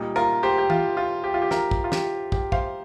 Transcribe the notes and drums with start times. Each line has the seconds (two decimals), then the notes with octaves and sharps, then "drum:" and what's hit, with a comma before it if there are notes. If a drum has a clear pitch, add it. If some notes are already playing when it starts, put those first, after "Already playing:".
Already playing: A#2 G3 D#4
0.16 F4 A#4
0.43 G4 C5
0.58 G4
0.70 F4, drum: tom
0.97 F4
1.24 G4
1.34 F4
1.42 G4
1.51 F4 A#4, drum: snare
1.71 drum: kick
1.84 F4
1.92 G4, drum: snare
2.32 G4, drum: kick
2.52 C5 F5, drum: kick